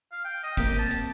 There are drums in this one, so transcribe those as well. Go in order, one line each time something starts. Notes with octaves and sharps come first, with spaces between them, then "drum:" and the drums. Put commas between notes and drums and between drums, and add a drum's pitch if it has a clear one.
F5
G5
D#5
A#3 C4 G4, drum: kick, hi-hat
A5
drum: hi-hat